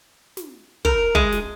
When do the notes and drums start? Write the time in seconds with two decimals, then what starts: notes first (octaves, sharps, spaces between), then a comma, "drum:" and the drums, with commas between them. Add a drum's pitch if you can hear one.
0.37 drum: snare
0.85 A#4, drum: kick
1.15 G#3, drum: kick
1.32 drum: snare